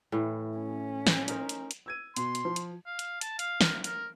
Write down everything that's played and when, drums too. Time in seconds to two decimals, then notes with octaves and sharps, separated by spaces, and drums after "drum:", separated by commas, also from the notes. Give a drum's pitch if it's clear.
0.12 A2 E3
0.58 C#4
1.07 drum: snare
1.28 D#4 A#4 C5, drum: hi-hat
1.49 drum: hi-hat
1.71 drum: hi-hat
1.86 E6 G#6 D#7
2.16 B2 C6, drum: hi-hat
2.35 drum: hi-hat
2.45 F3
2.56 drum: hi-hat
2.86 F5
2.99 drum: hi-hat
3.21 A5, drum: hi-hat
3.39 F5, drum: hi-hat
3.61 A#4, drum: snare
3.84 A#4, drum: hi-hat